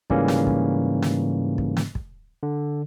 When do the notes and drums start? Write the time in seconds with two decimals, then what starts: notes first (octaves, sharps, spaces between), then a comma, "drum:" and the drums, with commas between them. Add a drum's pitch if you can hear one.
0.10 G#2 C#3 E3 G3 A#3 C#4, drum: kick
0.28 drum: snare
0.47 drum: kick
1.02 drum: snare
1.58 drum: kick
1.77 drum: snare
1.95 drum: kick
2.43 D3